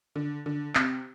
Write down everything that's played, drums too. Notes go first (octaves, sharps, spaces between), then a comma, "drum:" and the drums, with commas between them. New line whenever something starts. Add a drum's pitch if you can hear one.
D3
D3
C3, drum: clap